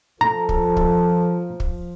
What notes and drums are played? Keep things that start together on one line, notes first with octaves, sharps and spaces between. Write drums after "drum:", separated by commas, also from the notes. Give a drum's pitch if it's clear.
F3 A4 A#5
drum: kick
drum: kick
drum: kick